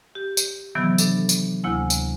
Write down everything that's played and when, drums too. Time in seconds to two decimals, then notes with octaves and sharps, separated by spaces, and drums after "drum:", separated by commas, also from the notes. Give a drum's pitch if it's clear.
0.15 G4
0.37 drum: tambourine
0.75 C3 D#3 E3 F#3 B3
0.98 D4 A4, drum: tambourine
1.29 drum: tambourine
1.64 D2 C3 A#3 E4 G#5
1.90 drum: tambourine